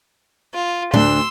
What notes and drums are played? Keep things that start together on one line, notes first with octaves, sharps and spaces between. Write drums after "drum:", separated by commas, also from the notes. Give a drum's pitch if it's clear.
F4
D2 D4 C6 E6, drum: tom